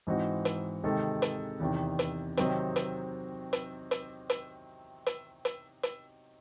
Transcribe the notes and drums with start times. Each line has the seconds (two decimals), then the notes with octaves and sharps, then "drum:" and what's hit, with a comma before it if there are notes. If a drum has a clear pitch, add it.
0.07 G#2 E3 C4 D#4 F#4
0.45 drum: hi-hat
0.84 C3 D#3 G#3 D#4 A4
1.22 drum: hi-hat
1.60 E2 C3 D#3
1.99 drum: hi-hat
2.37 C3 D#3 F#3 C4 D#4, drum: hi-hat
2.76 drum: hi-hat
3.53 drum: hi-hat
3.91 drum: hi-hat
4.30 drum: hi-hat
5.06 drum: hi-hat
5.45 drum: hi-hat
5.83 drum: hi-hat